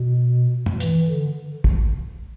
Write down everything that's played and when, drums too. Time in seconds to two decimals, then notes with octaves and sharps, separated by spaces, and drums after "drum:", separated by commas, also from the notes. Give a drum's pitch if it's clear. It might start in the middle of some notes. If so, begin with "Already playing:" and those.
Already playing: B2
0.66 drum: tom
0.80 E3, drum: hi-hat
1.08 D3
1.64 drum: kick